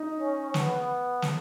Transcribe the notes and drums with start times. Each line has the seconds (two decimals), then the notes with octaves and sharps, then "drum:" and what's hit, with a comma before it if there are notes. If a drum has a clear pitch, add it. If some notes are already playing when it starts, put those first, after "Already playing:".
Already playing: D#4
0.19 C#4
0.54 B3, drum: snare
1.22 drum: snare